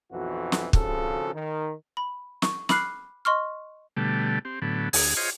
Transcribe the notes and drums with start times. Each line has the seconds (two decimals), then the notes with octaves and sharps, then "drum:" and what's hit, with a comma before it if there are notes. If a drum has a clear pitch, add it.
0.12 B1 F2 E3 F#4
0.52 drum: snare
0.73 G#1 C#3 F3 F#4 A4, drum: kick
1.35 D#3
1.97 B5
2.42 C#6, drum: snare
2.69 B5 D6 F6 F#6 C7, drum: snare
3.25 D#5 C6 C#6 F6
3.97 B2 D3 G3 A3
4.45 C4 G4
4.62 A2 D3 F#3 B3
4.93 D2 G#4 D#6, drum: open hi-hat
5.17 F4 G#4 C5 C#5 D#5